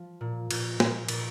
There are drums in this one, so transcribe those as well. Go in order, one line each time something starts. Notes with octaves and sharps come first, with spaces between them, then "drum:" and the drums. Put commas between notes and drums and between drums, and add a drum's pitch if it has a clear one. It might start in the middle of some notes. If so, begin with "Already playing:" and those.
Already playing: F3
A#2
A#2, drum: cymbal
A#2, drum: snare
A#2, drum: cymbal